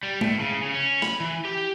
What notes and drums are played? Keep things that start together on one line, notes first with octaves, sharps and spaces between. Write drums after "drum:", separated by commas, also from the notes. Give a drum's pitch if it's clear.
G3
A2, drum: tom G#3
C#3
C#3
C#4
B5, drum: snare
E3
G4